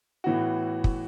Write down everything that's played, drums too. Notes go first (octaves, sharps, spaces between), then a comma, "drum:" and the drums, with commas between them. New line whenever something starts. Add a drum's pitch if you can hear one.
A2 E3 B3 F#4
drum: kick